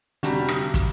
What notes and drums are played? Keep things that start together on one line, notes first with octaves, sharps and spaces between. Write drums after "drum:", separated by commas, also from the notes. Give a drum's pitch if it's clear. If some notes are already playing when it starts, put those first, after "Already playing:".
F1 D3 G3 F#4 A#5, drum: hi-hat
drum: rim click
drum: kick, hi-hat